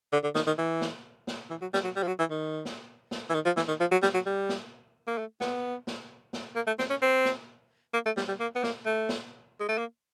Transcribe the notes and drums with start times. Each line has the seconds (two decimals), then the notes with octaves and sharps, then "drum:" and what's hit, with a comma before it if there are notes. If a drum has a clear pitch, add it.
0.13 D3
0.24 D3
0.35 D#3, drum: snare
0.47 D#3
0.58 E3
0.81 drum: snare
1.27 drum: snare
1.50 E3
1.61 F#3
1.74 G3, drum: snare
1.84 F#3
1.96 G3
2.03 F3
2.08 F#3
2.19 E3
2.31 D#3
2.65 drum: snare
3.11 drum: snare
3.30 E3
3.35 D#3
3.46 F3
3.57 E3, drum: snare
3.68 D#3
3.80 F3
3.92 F#3
4.03 G3, drum: snare
4.14 F#3
4.26 G3
4.49 drum: snare
5.07 A#3
5.18 A3
5.41 B3, drum: snare
5.87 drum: snare
6.33 drum: snare
6.56 A#3
6.67 A3
6.79 C4, drum: snare
6.90 C#4
7.02 C4
7.25 drum: snare
7.94 A#3
8.06 A3
8.17 G3, drum: snare
8.28 G3
8.40 A#3
8.56 B3
8.63 A#3, drum: snare
8.86 A3
9.09 drum: snare
9.61 G#3
9.69 A3
9.78 A#3